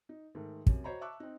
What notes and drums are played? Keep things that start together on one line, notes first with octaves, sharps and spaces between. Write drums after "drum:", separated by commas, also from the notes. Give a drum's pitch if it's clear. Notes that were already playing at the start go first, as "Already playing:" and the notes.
D#4
G#2 D#3 A3
F#2 C3, drum: kick
F#4 C5 C#5 D#5 A#5 B5
E5 A5 C#6 D6 E6 F#6
C4 D#4